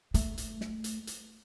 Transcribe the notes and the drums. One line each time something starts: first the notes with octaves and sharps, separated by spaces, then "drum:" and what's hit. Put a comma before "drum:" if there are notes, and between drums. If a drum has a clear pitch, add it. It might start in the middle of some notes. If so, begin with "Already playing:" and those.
A3, drum: hi-hat
drum: hi-hat
drum: snare
drum: hi-hat
drum: hi-hat